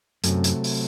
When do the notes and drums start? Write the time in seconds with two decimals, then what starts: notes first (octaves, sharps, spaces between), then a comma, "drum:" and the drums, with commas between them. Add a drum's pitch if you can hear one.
0.24 F#2 C3 F#3 A3, drum: hi-hat
0.44 drum: hi-hat
0.64 drum: open hi-hat